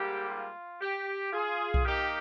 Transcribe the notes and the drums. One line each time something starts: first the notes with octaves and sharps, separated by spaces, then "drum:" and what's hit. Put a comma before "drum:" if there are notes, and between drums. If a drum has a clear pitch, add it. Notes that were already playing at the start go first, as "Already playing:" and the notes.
Already playing: G#2 G3 A#3 G4
F4
G4
F4 G#4
drum: kick B1
D#3 A#3 D#4 G4